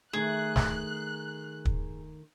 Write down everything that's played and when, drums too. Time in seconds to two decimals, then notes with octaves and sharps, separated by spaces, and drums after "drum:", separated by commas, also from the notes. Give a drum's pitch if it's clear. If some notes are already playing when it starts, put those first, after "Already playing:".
0.13 D#3 A3 G#4 F#6
0.56 drum: snare
1.65 drum: kick